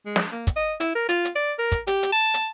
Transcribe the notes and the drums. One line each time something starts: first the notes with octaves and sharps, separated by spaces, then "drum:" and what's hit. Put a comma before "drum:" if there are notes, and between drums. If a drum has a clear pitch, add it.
G#3
drum: snare
A#3
drum: kick, hi-hat
D#5
E4, drum: hi-hat
A#4
F4, drum: hi-hat
drum: hi-hat
D5
A#4
drum: kick, hi-hat
G4, drum: hi-hat
drum: hi-hat
A5
drum: hi-hat